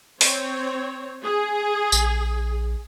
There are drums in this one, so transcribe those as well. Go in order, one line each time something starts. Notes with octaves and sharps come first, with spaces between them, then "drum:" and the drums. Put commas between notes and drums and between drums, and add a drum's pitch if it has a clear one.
C4 C#5, drum: open hi-hat
G#4
A#1, drum: tambourine